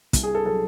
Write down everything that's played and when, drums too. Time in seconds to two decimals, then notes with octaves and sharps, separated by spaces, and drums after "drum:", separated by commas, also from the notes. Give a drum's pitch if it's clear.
0.13 C2, drum: kick, hi-hat
0.23 G#4
0.35 A4
0.45 F#3 A4